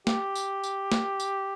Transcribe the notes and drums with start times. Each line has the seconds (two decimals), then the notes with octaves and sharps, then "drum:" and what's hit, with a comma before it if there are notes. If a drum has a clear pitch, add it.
0.07 G4, drum: snare
0.35 drum: tambourine
0.64 drum: tambourine
0.92 drum: snare
1.20 drum: tambourine